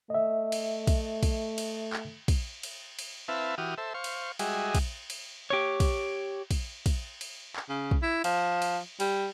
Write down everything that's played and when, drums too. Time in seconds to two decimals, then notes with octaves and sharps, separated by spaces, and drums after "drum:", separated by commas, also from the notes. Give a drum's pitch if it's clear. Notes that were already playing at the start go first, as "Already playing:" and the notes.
0.10 A3 D#5 E5
0.52 drum: cymbal
0.87 drum: kick, cymbal
1.23 drum: kick, cymbal
1.58 drum: cymbal
1.93 drum: clap
2.28 drum: kick, cymbal
2.63 drum: cymbal
2.99 drum: cymbal
3.28 C4 E4 B4 E5 F5 A5
3.58 E3 F#4 G4 D#6 F6
3.78 A4 C5 E5
3.94 C5 F5 C#6
4.04 drum: cymbal
4.39 G3 G#3 F#4 G#4 D#5 E5, drum: cymbal
4.75 drum: kick, cymbal
5.10 drum: cymbal
5.50 G4 C#5
5.80 drum: kick, cymbal
6.51 drum: kick, cymbal
6.86 drum: kick, cymbal
7.21 drum: cymbal
7.56 drum: clap
7.69 C#3
7.91 drum: kick
8.02 E4
8.24 F3, drum: cymbal
8.62 drum: cymbal
9.00 G3, drum: cymbal